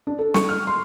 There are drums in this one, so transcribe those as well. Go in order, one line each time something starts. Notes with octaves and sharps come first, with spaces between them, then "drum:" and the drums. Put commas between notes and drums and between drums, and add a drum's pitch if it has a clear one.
D4
A4
C#6, drum: snare
F6
C6